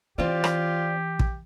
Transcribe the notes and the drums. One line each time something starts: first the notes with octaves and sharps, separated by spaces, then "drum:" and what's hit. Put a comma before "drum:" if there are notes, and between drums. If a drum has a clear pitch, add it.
E3 C4 F4 G4 D5
drum: rim click
drum: kick